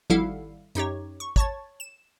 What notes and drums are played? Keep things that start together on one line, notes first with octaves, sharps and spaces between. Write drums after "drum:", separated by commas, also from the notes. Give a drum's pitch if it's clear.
G#1 G3 E4 A4 F5 F#5, drum: tom F3
F#2 D#4 G4 C#5, drum: hi-hat
C#6
C#5 A5 C#6 A6, drum: kick
E7